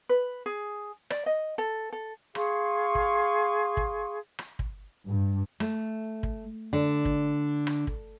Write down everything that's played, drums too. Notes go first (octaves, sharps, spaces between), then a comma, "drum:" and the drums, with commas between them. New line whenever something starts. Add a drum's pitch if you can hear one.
B4
G#4
D5, drum: rim click
D#5
A4
A4
G#4 F5 C6 C#6, drum: rim click
drum: kick
drum: kick
drum: rim click
drum: kick
G2
A3, drum: rim click
drum: kick
D3
drum: kick
drum: rim click
drum: kick